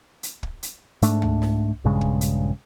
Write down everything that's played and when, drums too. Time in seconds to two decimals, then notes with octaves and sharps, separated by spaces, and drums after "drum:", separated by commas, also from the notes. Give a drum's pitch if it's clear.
0.23 drum: hi-hat
0.43 drum: kick
0.63 drum: hi-hat
1.02 G#2 A3 D4, drum: hi-hat
1.22 drum: tom
1.42 drum: snare
1.84 A#1 G2 C#3 G#3
2.01 drum: kick
2.21 drum: hi-hat